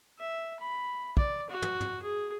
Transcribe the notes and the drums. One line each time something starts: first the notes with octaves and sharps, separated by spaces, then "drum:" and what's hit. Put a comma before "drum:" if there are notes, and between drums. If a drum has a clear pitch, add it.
E5
B5
D5, drum: kick
F#4
drum: tom
drum: tom
G#4